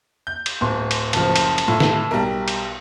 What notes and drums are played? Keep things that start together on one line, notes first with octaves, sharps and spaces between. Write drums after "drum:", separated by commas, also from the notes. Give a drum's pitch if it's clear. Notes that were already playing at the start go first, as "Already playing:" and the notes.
G6
drum: cymbal
D1 C6
drum: cymbal
F#1 F3 A5, drum: cymbal
drum: cymbal
drum: cymbal
A2 F4
drum: snare
B1 G3 A#4
drum: cymbal